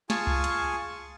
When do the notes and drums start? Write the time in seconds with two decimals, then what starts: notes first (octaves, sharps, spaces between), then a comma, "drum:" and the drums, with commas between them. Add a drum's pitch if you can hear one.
0.10 F4 G#4 G#5 A5 C#6, drum: snare
0.27 drum: kick C2
0.44 drum: hi-hat